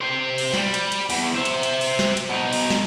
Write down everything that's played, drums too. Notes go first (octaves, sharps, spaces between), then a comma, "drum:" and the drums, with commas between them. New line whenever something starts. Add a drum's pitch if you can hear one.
G4 C5
drum: open hi-hat
G3, drum: snare
drum: hi-hat
drum: hi-hat
E2, drum: open hi-hat
C5 E5
drum: hi-hat
drum: hi-hat
drum: open hi-hat
drum: snare
drum: hi-hat
B2 D#4
drum: open hi-hat
drum: snare